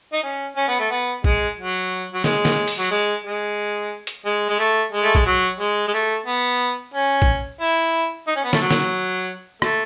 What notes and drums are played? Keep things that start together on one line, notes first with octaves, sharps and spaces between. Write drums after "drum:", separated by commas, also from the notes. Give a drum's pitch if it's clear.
D#4
C#4
C#4
B3
A3
B3
G#3, drum: kick
F#3
F#3
G#3, drum: snare
drum: snare
drum: open hi-hat
F#3
G#3
G#3
drum: hi-hat
G#3
G#3
A3
G#3
A3
G#3, drum: kick
F#3
G#3
G#3
A3
B3
C#4
drum: kick
E4
D#4
C#4
B3
A3, drum: snare
F#3
drum: snare
A3, drum: rim click